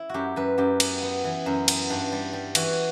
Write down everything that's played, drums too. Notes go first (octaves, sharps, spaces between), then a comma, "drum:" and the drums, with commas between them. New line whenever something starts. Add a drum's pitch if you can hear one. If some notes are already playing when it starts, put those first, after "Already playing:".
Already playing: E4
F#2 F#4 G4
F#2 B4
F#2 G4
B3, drum: cymbal
B3
E3
F#2
B3, drum: cymbal
G2
G3
G3
E3 F#4, drum: cymbal